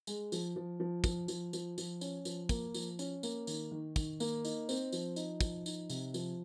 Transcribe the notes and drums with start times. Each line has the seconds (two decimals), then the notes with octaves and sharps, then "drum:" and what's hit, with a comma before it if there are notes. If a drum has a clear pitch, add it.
0.07 G#3, drum: tambourine
0.32 F3, drum: tambourine
0.56 F3
0.80 F3
1.04 F3, drum: kick, tambourine
1.28 F3, drum: tambourine
1.53 F3, drum: tambourine
1.78 F3, drum: tambourine
2.01 C#4, drum: tambourine
2.25 F3, drum: tambourine
2.49 A#3, drum: kick, tambourine
2.74 F3, drum: tambourine
2.99 C#4, drum: tambourine
3.23 A#3, drum: tambourine
3.47 D#3, drum: tambourine
3.71 D#3
3.96 D#3, drum: kick, tambourine
4.20 A#3, drum: tambourine
4.45 D#4, drum: tambourine
4.69 C4, drum: tambourine
4.92 F3, drum: tambourine
5.16 D#4, drum: tambourine
5.41 F3, drum: kick, tambourine
5.66 D#4, drum: tambourine
5.90 C3, drum: tambourine
6.14 F3, drum: tambourine